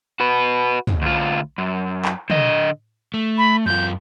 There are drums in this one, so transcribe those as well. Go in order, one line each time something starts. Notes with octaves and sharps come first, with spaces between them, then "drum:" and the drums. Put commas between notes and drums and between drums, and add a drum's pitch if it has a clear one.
F#4 B4
drum: tom
D2 F4
F#2
drum: clap
D3 D#5, drum: tom
A3
B5
F#2 F4 G6